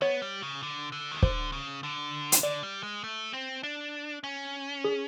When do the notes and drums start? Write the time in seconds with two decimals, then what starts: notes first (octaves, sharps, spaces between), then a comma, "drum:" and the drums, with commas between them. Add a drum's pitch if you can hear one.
0.02 B3 C#5
0.22 G3
0.42 C#3
0.63 D3
0.92 D3
1.12 D#3
1.22 D3 C5, drum: kick
1.52 C#3
1.83 D3
2.32 drum: hi-hat
2.43 D3 D5
2.63 G3
2.83 G#3
3.04 A3
3.33 C4
3.63 D4
4.24 C#4
4.84 G#4